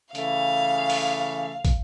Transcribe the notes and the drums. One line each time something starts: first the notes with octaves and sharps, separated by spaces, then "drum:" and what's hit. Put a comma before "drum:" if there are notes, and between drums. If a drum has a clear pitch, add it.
C#3 E3 A3 F5, drum: hi-hat
drum: open hi-hat
drum: kick, hi-hat